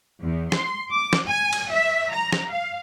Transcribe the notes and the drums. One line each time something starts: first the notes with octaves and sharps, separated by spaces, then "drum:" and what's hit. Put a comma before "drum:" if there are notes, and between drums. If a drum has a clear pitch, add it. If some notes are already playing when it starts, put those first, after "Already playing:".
E2
C6, drum: snare
D6
drum: snare
G#5
drum: cymbal
E5
A#5
drum: snare
F5